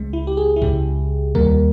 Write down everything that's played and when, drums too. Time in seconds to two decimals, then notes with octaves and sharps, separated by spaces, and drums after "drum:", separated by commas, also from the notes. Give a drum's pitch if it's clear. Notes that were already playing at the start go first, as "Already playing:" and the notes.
Already playing: C#2 C#3 G#3
0.13 E4
0.27 G4
0.37 G#4
0.56 E4
0.62 C#2 C#3 G#3 G4, drum: kick C#2
1.35 D#2 D#3 G3 A#3 A#4, drum: kick C#2